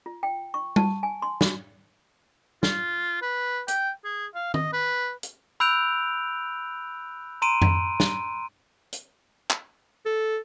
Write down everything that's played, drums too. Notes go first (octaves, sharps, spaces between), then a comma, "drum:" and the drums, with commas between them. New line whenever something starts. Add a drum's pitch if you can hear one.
F4
G5
C#6
A5, drum: tom G3
G#5
C6
F#4, drum: snare
F4, drum: snare
B4
G5, drum: hi-hat
G#4
F5
D#5, drum: tom D#3
B4
drum: hi-hat
B5 E6 F#6 G6 D7 F7
A#5 C6 D7 D#7
drum: tom F2
drum: snare
drum: hi-hat
drum: clap
A4